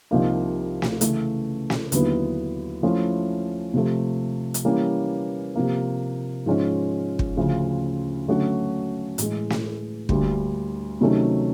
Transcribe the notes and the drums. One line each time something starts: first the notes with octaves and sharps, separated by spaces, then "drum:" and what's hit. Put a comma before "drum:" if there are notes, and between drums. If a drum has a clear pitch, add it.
C2 C3 F3 A#3 D#4
drum: snare
C#3 E3 A3, drum: hi-hat
drum: snare
D#2 D3 F#3 B3 E4, drum: hi-hat
F3 A3 C#4 E4
C3 F3 A3
drum: hi-hat
E3 G3 A#3 C#4
C3 F3 A#3
G#2 F3 G#3 C#4 F4
drum: kick
D2 C#3 F3
D3 F#3 A3 C#4 F#4
A2 E3 G#3, drum: hi-hat
drum: snare
D2 D3 G3 A#3, drum: kick
C3 D#3 F#3 A3 C#4